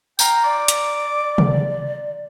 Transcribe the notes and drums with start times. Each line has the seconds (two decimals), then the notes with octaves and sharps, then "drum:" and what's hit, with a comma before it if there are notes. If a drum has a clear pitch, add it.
0.19 F4 G5 A#5 G6, drum: tambourine
0.44 D5 D6
0.68 drum: hi-hat
1.38 drum: tom C3